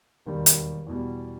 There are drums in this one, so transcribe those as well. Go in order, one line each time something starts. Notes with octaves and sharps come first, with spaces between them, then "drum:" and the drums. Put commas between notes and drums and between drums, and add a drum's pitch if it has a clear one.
E1 D#2 D#3 G3
drum: hi-hat
E2 B2 G3